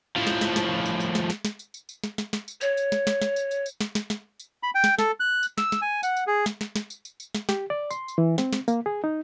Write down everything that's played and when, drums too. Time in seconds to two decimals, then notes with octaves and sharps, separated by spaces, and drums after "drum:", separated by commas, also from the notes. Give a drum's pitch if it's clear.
0.16 A2 F3
0.27 drum: snare
0.41 drum: snare
0.56 drum: snare
0.86 drum: tambourine
1.00 drum: tambourine
1.15 drum: snare
1.30 drum: snare
1.45 drum: snare
1.59 drum: tambourine
1.74 drum: tambourine
1.89 drum: tambourine
2.04 drum: snare
2.18 drum: snare
2.33 drum: snare
2.48 drum: tambourine
2.61 C#5, drum: tambourine
2.77 drum: tambourine
2.92 drum: snare
3.07 drum: snare
3.22 drum: snare
3.36 drum: tambourine
3.51 drum: tambourine
3.66 drum: tambourine
3.81 drum: snare
3.95 drum: snare
4.10 drum: snare
4.40 drum: tambourine
4.63 B5
4.75 G5
4.84 drum: snare
4.99 A4, drum: snare
5.20 F#6
5.43 drum: tambourine
5.58 E6, drum: snare
5.72 drum: snare
5.82 G#5
6.03 F#5, drum: tambourine
6.17 drum: tambourine
6.27 G#4
6.46 drum: snare
6.61 drum: snare
6.76 drum: snare
6.90 drum: tambourine
7.05 drum: tambourine
7.20 drum: tambourine
7.35 drum: snare
7.49 G4, drum: snare
7.70 D5
7.91 C6, drum: tambourine
8.08 drum: tambourine
8.18 E3
8.38 C4, drum: snare
8.53 drum: snare
8.68 A#3, drum: tambourine
8.86 G#4
9.04 D#4